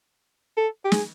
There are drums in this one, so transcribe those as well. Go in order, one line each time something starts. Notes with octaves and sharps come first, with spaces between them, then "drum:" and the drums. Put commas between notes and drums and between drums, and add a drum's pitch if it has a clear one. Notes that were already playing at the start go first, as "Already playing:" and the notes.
A4
G4
G#4, drum: snare